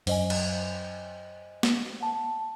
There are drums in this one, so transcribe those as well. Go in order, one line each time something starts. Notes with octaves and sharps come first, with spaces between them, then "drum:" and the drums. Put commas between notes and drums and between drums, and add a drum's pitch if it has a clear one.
F#2 C5 D#5 G#5, drum: open hi-hat
drum: cymbal
drum: snare
F#5 A5